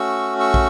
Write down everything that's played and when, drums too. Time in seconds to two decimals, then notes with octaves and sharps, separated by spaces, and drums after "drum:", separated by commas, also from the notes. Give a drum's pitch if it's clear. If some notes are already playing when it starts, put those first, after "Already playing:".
Already playing: A3 C#4 F#4 C#6 E6
0.40 C#6 E6
0.54 drum: kick